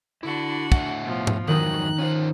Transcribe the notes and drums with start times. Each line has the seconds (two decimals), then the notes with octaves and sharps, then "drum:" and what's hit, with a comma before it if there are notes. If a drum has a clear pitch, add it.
0.23 D3 D4 E4 F#4
0.72 A2 E5 F#5, drum: kick
1.04 B2 F3
1.27 drum: tom G#2
1.47 F2 G#2 D#3 F#3 D#4 F#6
1.99 C#4 F4 C5